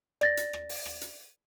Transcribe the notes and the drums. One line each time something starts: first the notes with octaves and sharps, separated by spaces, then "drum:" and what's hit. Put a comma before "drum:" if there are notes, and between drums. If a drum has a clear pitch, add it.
D5 A6 A#6, drum: rim click
drum: hi-hat
drum: rim click
drum: open hi-hat
drum: rim click
drum: hi-hat